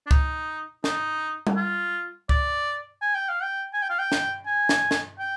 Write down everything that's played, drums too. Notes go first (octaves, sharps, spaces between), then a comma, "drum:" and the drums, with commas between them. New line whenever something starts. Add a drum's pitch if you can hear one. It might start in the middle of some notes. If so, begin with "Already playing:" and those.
D4
D#4, drum: kick C#2
D#4, drum: snare
drum: tom G3
F4
D5, drum: kick C#2
G#5
G5
F5
G5
G#5
G5
F5
G5
drum: snare
G#5
drum: snare
drum: snare
G5